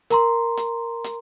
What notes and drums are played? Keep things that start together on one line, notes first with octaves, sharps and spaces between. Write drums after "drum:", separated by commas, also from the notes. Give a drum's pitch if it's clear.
A#4 A#5 C6, drum: hi-hat
drum: hi-hat
drum: hi-hat